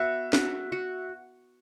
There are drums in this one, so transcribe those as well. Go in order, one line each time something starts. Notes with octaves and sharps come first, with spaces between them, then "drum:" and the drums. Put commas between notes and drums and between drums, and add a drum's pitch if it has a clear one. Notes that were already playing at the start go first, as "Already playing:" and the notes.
Already playing: B3 F#4 E5
F#4, drum: snare
F#4